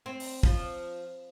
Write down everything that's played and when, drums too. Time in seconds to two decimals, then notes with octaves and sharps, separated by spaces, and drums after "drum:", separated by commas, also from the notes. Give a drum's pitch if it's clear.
0.06 C4
0.20 drum: open hi-hat
0.43 F3, drum: kick